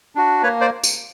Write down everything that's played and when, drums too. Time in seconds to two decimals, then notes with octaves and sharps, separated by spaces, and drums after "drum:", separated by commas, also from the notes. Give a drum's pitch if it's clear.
0.15 D4 F#4
0.43 A#3 B4 C#5
0.61 C5 D5
0.84 drum: tambourine